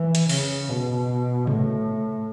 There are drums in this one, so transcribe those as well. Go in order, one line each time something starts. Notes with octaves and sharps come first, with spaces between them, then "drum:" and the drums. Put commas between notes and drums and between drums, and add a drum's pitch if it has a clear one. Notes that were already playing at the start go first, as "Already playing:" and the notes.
Already playing: E3
drum: hi-hat
C#3, drum: open hi-hat
B2
A2, drum: tom C3